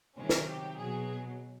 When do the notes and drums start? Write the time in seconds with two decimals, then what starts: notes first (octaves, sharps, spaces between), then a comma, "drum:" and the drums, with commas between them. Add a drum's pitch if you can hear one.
0.17 C3 D#3 F#3 C#4
0.29 drum: snare
0.49 G4
0.79 B2 F#3 G#4